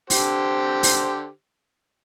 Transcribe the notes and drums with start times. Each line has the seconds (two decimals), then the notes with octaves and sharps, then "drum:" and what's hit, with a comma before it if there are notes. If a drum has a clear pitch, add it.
0.10 D3 G4 C5, drum: open hi-hat
0.83 drum: open hi-hat